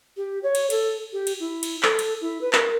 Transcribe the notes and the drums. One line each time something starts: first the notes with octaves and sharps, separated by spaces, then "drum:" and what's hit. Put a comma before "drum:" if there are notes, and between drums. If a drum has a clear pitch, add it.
G4
C#5
drum: cymbal
A4, drum: cymbal
G4
drum: cymbal
E4
drum: cymbal
A4, drum: clap
drum: cymbal
E4
B4
A#4, drum: clap